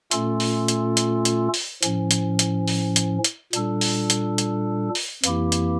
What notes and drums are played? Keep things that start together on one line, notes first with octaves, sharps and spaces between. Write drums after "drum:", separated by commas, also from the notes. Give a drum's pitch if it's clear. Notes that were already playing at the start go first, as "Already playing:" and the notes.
A#2 A3 C#4 F4 A4, drum: hi-hat
drum: open hi-hat
drum: hi-hat
drum: hi-hat
drum: hi-hat
drum: open hi-hat
A2 F3 C#4, drum: hi-hat
drum: hi-hat
drum: hi-hat
drum: open hi-hat
drum: hi-hat
drum: hi-hat
A#2 G3 D4 A4, drum: hi-hat
drum: open hi-hat
drum: hi-hat
drum: hi-hat
drum: open hi-hat
F2 E3 A#3 E4 G4, drum: hi-hat
drum: hi-hat